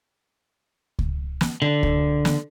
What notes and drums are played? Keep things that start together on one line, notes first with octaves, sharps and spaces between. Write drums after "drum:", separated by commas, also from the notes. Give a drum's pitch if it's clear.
drum: kick C#2
drum: snare
D3
drum: kick C#2
drum: snare